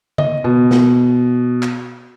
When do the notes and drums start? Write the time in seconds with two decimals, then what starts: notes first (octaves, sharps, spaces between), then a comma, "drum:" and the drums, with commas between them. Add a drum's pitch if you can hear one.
0.18 D#5, drum: tom C#3
0.44 B2
0.71 drum: snare A#4
1.63 drum: clap